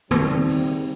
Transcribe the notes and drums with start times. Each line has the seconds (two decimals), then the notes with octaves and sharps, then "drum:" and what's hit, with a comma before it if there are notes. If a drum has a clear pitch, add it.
0.11 D#3 G3 C4, drum: tom
0.48 drum: open hi-hat